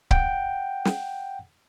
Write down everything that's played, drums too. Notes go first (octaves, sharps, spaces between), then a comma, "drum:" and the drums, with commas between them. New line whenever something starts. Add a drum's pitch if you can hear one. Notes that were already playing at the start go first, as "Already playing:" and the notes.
F#5 G5, drum: kick C#1
drum: snare